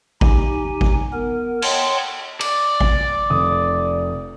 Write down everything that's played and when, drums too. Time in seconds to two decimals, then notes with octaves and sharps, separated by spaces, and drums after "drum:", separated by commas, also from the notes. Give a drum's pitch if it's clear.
0.21 D#4 G4 G#5, drum: kick G#1
0.81 drum: kick G#1
1.13 B3 A#4
1.62 C#5 F#5 G5 A5 C6, drum: cymbal
2.41 D5, drum: cymbal
2.81 drum: kick G#1
3.30 F1 D#6